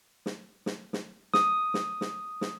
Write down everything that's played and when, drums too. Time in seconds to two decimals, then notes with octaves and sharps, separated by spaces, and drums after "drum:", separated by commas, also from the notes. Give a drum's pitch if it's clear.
0.26 drum: snare
0.66 drum: snare
0.93 drum: snare
1.34 D#6, drum: snare
1.74 drum: snare
2.01 drum: snare
2.41 drum: snare